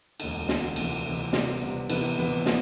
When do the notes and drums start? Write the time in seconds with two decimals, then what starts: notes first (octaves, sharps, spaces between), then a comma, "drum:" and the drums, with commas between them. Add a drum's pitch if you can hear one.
0.20 E1 D2 D3, drum: cymbal
0.49 E1 D2 D3, drum: snare
0.76 D2 C3 E3, drum: cymbal
1.05 D2 C3 E3
1.33 C3 G3 B3, drum: snare
1.61 C3 G3 B3
1.90 C3 E3 B3 E4 B4, drum: cymbal
2.18 C3 E3 B3 E4 B4
2.46 F3 B3 E4, drum: snare